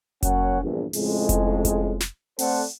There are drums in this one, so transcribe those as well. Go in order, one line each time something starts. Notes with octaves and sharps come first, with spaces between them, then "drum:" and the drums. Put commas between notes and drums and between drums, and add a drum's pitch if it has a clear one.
F#3 A#3 C#4 F#5, drum: kick F1, hi-hat
A#1 E2 G2
F2 A2 C#3 G#3, drum: open hi-hat
drum: kick F1, hi-hat
drum: kick F1, hi-hat
drum: snare
A3 C4 A4 C5 D5 F#5, drum: open hi-hat